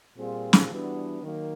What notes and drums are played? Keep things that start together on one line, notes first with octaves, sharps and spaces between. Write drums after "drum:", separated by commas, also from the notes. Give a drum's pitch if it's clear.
A#2 G3 C4 F4 G#4
drum: snare
E3 G3 B3 D4 F#4
D#3 F#3 A#3